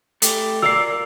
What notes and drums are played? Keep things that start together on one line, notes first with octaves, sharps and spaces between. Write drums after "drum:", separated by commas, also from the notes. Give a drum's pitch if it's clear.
A3 G4, drum: hi-hat
F4 A#4 D5 E6 C7